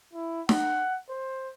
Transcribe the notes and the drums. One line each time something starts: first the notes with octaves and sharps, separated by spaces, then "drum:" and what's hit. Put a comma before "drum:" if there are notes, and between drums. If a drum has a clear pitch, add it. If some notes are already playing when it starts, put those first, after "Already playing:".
E4
F#5, drum: snare
C5